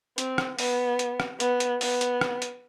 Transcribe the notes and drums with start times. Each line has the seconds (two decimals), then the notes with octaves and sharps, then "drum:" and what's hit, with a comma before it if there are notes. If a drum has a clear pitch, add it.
0.18 C4, drum: hi-hat
0.38 drum: rim click
0.59 B3, drum: open hi-hat
0.99 drum: hi-hat
1.20 drum: rim click
1.40 B3, drum: hi-hat
1.60 drum: hi-hat
1.81 B3, drum: open hi-hat
2.01 drum: hi-hat
2.21 drum: rim click
2.42 drum: hi-hat